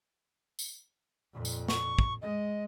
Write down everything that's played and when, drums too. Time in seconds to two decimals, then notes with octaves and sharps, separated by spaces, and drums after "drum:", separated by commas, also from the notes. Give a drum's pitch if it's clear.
0.59 drum: tambourine
1.33 F2 A#2
1.45 drum: tambourine
1.68 C#6, drum: snare
1.99 drum: kick
2.22 G#3 D#5